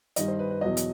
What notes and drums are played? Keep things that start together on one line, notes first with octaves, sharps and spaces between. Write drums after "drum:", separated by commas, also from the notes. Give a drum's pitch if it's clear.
G2 D#3 G3 D#5, drum: hi-hat
C5
B4
B4
E2 B2 F#3 D#5
drum: hi-hat